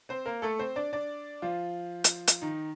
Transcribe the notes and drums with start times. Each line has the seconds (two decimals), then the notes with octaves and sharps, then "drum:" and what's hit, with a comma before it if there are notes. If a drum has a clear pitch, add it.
0.09 C4 C5
0.26 A#3 A#4
0.42 A3 A4
0.59 C4 C5
0.76 D4 D5
0.93 D4 D5
1.42 F3 F4
2.04 drum: hi-hat
2.27 drum: hi-hat
2.42 D#3 D#4